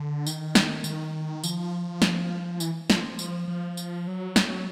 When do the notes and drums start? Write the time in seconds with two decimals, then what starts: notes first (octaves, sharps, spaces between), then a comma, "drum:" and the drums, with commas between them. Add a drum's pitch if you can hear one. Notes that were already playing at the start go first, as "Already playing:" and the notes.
Already playing: D3
0.27 D#3, drum: tambourine
0.55 drum: snare
0.84 D#3, drum: tambourine
1.44 F3, drum: tambourine
2.02 drum: snare
2.60 E3, drum: tambourine
2.90 F3, drum: snare
3.19 drum: tambourine
3.48 F3
3.77 drum: tambourine
4.07 F#3
4.36 drum: snare